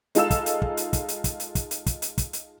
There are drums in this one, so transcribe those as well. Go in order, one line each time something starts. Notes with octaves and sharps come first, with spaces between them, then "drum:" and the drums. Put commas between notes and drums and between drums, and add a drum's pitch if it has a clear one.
G#3 D#4 F4 A4 E6 E7, drum: hi-hat
drum: kick, hi-hat
drum: hi-hat
drum: kick
drum: hi-hat
drum: kick, hi-hat
drum: hi-hat
drum: kick, hi-hat
drum: hi-hat
drum: kick, hi-hat
drum: hi-hat
drum: kick, hi-hat
drum: hi-hat
drum: kick, hi-hat
drum: hi-hat